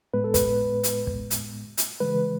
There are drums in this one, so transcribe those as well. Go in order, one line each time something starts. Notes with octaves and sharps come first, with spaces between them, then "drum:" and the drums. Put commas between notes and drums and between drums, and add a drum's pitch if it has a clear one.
A2 G#3 B3 B4
A4
B4, drum: kick, hi-hat
drum: hi-hat
drum: kick
drum: hi-hat
drum: hi-hat
C#3 E3 G#3 B4